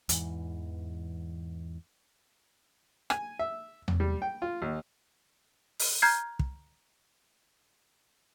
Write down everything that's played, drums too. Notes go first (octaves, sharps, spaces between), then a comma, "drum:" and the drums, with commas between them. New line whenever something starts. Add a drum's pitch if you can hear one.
E2 G#2 E3, drum: hi-hat
G#5, drum: rim click
E5
drum: tom E2
G3
G5
F4
D#2
drum: open hi-hat
A#5 F6 G6 G#6 C7
drum: kick